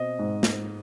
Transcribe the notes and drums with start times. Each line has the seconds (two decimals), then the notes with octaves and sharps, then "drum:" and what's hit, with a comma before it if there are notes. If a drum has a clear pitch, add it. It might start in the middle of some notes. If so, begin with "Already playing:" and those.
Already playing: B2 C4 D#5
0.19 G#2
0.43 drum: snare